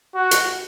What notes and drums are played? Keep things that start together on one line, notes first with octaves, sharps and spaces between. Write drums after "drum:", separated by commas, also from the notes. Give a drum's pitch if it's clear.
F#4
drum: hi-hat